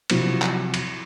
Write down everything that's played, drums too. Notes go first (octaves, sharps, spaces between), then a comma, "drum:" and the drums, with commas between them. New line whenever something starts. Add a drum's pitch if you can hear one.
C3 F3 F#3 C4 E4 C5, drum: cymbal
drum: clap
drum: cymbal